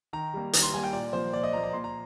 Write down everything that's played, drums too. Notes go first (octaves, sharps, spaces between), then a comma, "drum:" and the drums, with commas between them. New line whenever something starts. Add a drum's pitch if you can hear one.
D#3 A#5
G3 A#3
D#3, drum: hi-hat
C6
G3 A#3 G#5
G5
A#2 D5
F3 A#3 C5
A#2 D5
D#5
F3 A#3 A#5
A#5
A#2 C6
A#5